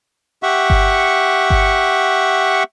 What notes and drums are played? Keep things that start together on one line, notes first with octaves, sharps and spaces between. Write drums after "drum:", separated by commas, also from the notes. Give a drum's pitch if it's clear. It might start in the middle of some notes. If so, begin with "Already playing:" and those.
G4 E5 F#5 C#6
drum: kick G1
drum: kick G1